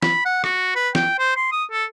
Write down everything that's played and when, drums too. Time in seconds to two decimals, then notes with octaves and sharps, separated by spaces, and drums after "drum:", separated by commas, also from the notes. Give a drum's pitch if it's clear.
0.02 B5, drum: snare
0.25 F#5
0.44 F#4, drum: rim click
0.75 B4
0.95 G5, drum: snare
1.19 C5
1.36 C6
1.52 D#6
1.71 A4